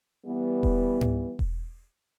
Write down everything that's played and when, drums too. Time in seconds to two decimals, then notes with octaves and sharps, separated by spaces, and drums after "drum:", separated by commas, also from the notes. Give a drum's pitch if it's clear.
0.25 E3 G3 B3
0.63 drum: kick E1
1.01 drum: tom G#2
1.39 drum: kick E1